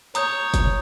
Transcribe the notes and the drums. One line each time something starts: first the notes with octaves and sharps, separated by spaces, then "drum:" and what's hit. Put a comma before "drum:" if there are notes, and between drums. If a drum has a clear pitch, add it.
C#5 A#5 D#6 G6, drum: hi-hat
drum: kick, hi-hat